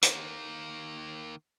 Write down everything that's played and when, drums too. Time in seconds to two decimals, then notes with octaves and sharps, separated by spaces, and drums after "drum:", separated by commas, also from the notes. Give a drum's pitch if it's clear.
0.02 D#3 A#3, drum: hi-hat